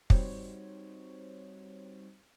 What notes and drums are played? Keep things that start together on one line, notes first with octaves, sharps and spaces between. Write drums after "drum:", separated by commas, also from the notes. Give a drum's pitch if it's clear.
G3 C4 D#4 F#4 C5 C#5, drum: kick